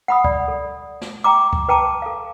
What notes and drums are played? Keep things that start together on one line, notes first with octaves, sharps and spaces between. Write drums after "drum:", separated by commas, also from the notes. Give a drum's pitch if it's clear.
F#5 B5 D#6
D5, drum: kick C#2
A4
drum: snare
G5 A#5 D6
drum: kick C#2
B4 G5 A5 A#5 D6
A4 F5